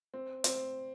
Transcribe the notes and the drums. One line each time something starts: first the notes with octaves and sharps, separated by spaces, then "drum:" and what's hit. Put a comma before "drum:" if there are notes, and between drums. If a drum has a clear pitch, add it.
C4
C4, drum: hi-hat